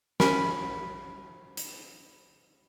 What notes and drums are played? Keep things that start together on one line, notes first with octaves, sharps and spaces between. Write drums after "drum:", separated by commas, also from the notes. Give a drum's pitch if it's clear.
C#4 A#4 B5, drum: snare
drum: hi-hat